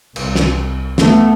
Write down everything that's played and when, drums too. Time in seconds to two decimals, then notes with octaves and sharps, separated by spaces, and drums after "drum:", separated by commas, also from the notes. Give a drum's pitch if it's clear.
0.16 C2, drum: cymbal
0.35 drum: snare
0.98 A3 B3, drum: snare